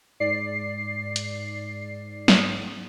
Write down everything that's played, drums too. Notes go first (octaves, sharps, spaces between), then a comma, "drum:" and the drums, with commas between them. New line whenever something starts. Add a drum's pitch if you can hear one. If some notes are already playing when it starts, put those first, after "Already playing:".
G#2 D5 C7
drum: hi-hat
drum: snare